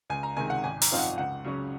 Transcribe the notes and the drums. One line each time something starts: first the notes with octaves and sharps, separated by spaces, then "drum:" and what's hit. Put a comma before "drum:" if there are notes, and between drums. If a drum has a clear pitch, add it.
C#2 G#5
A#5
C3 D#3 G#3 G#5
F#5
G#1 G#5
A#5, drum: open hi-hat
F#2 F3 C4 D#4 F5
F#5
C#2 F#5
C#3 F#3 C#4